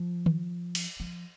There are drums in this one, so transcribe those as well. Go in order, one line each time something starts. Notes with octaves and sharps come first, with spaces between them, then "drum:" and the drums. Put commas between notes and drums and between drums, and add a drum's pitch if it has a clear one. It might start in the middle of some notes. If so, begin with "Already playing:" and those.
Already playing: F3
drum: tom
drum: cymbal
F3